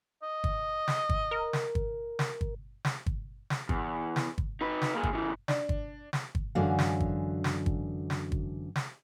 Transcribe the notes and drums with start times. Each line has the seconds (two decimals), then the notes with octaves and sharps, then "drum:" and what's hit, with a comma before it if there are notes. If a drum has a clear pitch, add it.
0.23 D#5
0.44 drum: kick G1
0.88 drum: snare
1.09 drum: kick G1
1.31 A#4
1.53 drum: snare
1.75 drum: kick G1
2.19 drum: snare
2.41 drum: kick G1
2.85 drum: snare
3.06 drum: kick G1
3.50 drum: snare
3.69 E2, drum: kick G1
4.16 drum: snare
4.38 drum: kick G1
4.61 D#4 B4
4.82 drum: snare
4.94 A#3 G#4
5.03 drum: kick G1
5.13 C#3 E3
5.48 D4, drum: snare
5.69 drum: kick G1
6.13 drum: snare
6.35 drum: kick G1
6.55 F#2 D3 E3 G#3 F#4 F5
6.79 drum: snare
7.00 drum: kick G1
7.44 drum: snare
7.66 drum: kick G1
8.10 drum: snare
8.32 drum: kick G1
8.76 drum: snare